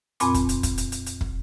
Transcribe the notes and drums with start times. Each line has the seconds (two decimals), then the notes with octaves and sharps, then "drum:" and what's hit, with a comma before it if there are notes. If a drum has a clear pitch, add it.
0.20 F2 A#2 C4 G#5 B5 D6, drum: hi-hat
0.34 drum: kick, hi-hat
0.49 drum: hi-hat
0.63 drum: kick, hi-hat
0.78 drum: hi-hat
0.92 drum: hi-hat
1.06 drum: hi-hat
1.21 drum: kick